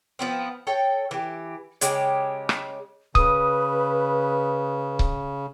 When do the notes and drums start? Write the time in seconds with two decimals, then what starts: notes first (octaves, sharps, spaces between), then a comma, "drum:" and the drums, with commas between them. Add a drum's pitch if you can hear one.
0.19 F3 B3 C4
0.67 A4 C#5 G5
1.11 E3 G4
1.81 C#3 G#3 G4, drum: hi-hat
2.49 drum: rim click
3.15 C#3 B4 D#6, drum: kick C#1
4.99 drum: kick C#1